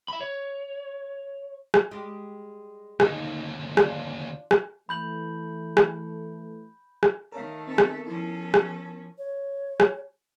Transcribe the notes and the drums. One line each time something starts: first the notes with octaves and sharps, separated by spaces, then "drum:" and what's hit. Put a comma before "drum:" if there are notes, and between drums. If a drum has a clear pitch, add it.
E5 B5
C#5
drum: rim click
G3 G#3 G4
D#2 D3 A#3 D#4, drum: rim click
D4 F4, drum: rim click
drum: rim click
E3 A3 B5 G6 F#7
drum: rim click
drum: rim click
D#3 A3 A#4 C#5 F5
B3 C4 A4 A#4 E5
drum: rim click
F3 C#4 E4 A4
drum: rim click
C#5
drum: rim click